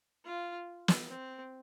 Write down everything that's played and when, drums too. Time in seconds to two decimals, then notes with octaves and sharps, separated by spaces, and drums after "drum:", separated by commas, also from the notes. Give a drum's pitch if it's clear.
0.24 F4
0.88 drum: snare
1.10 C4